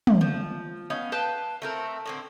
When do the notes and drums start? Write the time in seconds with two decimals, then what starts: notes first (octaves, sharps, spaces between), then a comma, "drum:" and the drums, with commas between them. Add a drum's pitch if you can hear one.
0.07 drum: tom
0.21 F3
0.90 B3 C#4 D#4 F5
1.12 B4 F5 G5 A5
1.62 A3 C4 A#4
2.06 A2 D3 C4